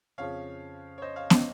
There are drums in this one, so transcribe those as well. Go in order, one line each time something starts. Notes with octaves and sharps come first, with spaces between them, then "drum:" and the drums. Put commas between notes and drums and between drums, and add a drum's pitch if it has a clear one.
F2 C#3 F3 C#5 F5
C#5
C5 D#5
C#5 F5
C5 D#5, drum: snare